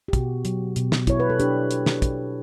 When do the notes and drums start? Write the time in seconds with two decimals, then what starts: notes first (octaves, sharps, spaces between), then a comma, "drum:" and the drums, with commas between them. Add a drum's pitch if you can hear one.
0.08 G4
0.13 B2 F#4, drum: kick, hi-hat
0.45 F#3, drum: hi-hat
0.76 B2, drum: hi-hat
0.92 drum: snare
1.07 E4 C#5, drum: kick, hi-hat
1.20 B4
1.30 A4
1.40 D4 G4, drum: hi-hat
1.71 drum: hi-hat
1.86 drum: snare
2.02 drum: kick, hi-hat